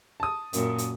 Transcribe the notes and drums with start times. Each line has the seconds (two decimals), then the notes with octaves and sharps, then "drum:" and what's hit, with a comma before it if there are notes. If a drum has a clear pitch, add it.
0.20 A5 D#6
0.53 F#2 A#2, drum: hi-hat
0.78 drum: hi-hat